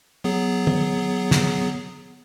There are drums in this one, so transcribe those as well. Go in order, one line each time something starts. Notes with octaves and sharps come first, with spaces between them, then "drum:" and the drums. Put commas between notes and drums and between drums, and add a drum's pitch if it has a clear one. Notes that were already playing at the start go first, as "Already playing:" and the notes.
F#3 B3 G#4
drum: tom
drum: snare